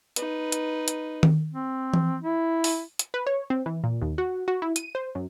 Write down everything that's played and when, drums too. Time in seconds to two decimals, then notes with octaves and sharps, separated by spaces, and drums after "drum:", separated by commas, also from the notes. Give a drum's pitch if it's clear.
0.16 D#4 B4, drum: hi-hat
0.52 drum: hi-hat
0.88 drum: hi-hat
1.23 drum: tom D#3
1.53 C4
1.94 drum: tom E3
2.22 E4
2.64 drum: open hi-hat
2.99 drum: hi-hat
3.14 B4
3.26 C#5
3.50 C4
3.66 E3
3.84 A#2
4.02 D#2
4.18 F#4
4.48 F#4
4.62 E4
4.76 D#7, drum: hi-hat
4.95 C5
5.15 F#2